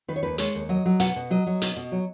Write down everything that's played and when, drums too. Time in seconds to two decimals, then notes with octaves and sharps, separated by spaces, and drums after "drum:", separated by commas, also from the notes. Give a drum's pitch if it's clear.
0.08 D#3 B4
0.16 C#5
0.23 D#2 B4
0.38 G#3 C#5, drum: hi-hat
0.55 D#2
0.69 F#3 D#5
0.86 F#3
1.00 B2 F#5, drum: hi-hat
1.16 B2
1.31 F#3 D#5
1.46 F#3
1.62 B2, drum: hi-hat
1.76 B2
1.92 F#3